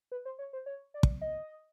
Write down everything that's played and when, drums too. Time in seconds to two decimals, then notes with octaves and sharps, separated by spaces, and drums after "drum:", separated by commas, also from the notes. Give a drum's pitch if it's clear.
0.12 B4
0.25 C5
0.39 C#5
0.53 C5
0.66 C#5
0.94 D5
1.03 drum: kick
1.21 D#5